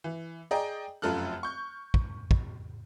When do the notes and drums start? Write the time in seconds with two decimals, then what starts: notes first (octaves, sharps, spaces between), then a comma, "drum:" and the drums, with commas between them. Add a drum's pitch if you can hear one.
0.04 E3
0.51 G#4 D5 D#5 G5 A#5
1.02 F1 F#2 F4 A4 F6 F#6
1.43 C#6 G6
1.94 drum: kick
2.31 drum: kick